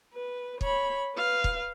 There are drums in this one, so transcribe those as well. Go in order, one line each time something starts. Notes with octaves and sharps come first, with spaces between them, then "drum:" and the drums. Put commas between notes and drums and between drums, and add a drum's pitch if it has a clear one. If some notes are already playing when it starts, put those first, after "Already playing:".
B4
C#5 B5, drum: kick
B4 F5
drum: kick